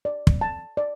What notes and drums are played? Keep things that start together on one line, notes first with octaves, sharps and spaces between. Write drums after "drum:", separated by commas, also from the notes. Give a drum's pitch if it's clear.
D5
drum: kick
A5
D5